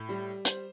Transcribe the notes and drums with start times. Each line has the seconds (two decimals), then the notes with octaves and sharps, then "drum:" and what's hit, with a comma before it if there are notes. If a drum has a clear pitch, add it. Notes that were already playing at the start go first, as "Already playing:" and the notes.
Already playing: A2
0.09 G3
0.45 C5, drum: hi-hat